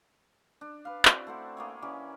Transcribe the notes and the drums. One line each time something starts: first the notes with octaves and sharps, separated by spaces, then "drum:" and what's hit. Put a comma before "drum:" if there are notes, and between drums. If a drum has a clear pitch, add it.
D4
B4 F5
C4 E4 F#4 D5, drum: clap
A3 C5 F#5
A#3 G#4 C#5
E3 C#4 G4 D5